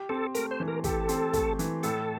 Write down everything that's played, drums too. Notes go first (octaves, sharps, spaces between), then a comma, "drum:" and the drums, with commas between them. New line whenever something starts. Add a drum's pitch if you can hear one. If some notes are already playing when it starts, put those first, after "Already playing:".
Already playing: G4
C4 A4
A3 A#4, drum: hi-hat
C5
E3
A#4
G4 A4, drum: kick, hi-hat
C4, drum: hi-hat
A3, drum: kick, hi-hat
E3, drum: hi-hat
A2 A4, drum: hi-hat